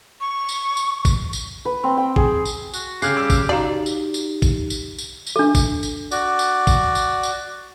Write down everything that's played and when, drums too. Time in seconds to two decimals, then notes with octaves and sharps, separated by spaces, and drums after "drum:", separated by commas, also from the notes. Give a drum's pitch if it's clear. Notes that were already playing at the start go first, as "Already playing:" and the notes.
0.21 C#6
0.49 drum: tambourine
0.77 drum: tambourine
1.05 drum: kick, tambourine
1.33 drum: tambourine
1.65 B4
1.84 C4
1.97 G5
2.16 G#4, drum: kick
2.45 drum: tambourine
2.74 F#4, drum: tambourine
3.02 C#3 G4 G#5 F6 F#6 C7, drum: tambourine
3.17 G3 D6 E6
3.30 drum: kick, tambourine
3.49 D#4 F#4 G4 D5 F5 A#5
3.86 drum: tambourine
4.14 drum: tambourine
4.42 drum: kick, tambourine
4.70 drum: tambourine
4.98 drum: tambourine
5.27 drum: tambourine
5.36 D4 A4
5.55 drum: kick, tambourine
5.83 drum: tambourine
6.11 F#4 D5, drum: tambourine
6.39 drum: tambourine
6.67 drum: kick, tambourine
6.95 drum: tambourine
7.23 drum: tambourine